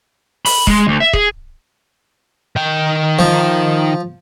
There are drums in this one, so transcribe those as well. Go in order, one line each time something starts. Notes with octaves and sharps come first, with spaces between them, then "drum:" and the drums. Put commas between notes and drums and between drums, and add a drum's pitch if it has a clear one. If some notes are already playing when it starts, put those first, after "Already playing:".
B5, drum: open hi-hat
G#3, drum: kick
D2
E5
G#4, drum: kick
D#3 G5
F3